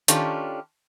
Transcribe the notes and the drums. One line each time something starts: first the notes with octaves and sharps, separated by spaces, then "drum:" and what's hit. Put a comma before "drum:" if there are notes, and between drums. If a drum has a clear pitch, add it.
D#3 C#4 D4 F4 G4 A4, drum: hi-hat